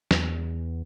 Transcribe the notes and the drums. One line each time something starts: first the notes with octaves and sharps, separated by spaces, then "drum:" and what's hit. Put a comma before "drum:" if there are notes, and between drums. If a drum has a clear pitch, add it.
E2, drum: snare